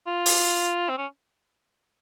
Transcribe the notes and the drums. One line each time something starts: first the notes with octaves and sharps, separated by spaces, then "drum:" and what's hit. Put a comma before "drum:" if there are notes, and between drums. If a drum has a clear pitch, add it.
F4
drum: open hi-hat
C4
C#4